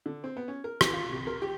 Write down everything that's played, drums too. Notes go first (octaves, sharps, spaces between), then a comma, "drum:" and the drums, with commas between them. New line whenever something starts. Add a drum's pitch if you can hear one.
D3
C4
B3
C#4
A#4
E3, drum: rim click
F4
C3
A#4
G4